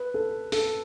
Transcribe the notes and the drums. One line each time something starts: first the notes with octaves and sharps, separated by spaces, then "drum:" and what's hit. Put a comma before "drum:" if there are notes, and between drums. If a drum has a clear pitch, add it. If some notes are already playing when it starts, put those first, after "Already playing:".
Already playing: B4
A4
A4, drum: open hi-hat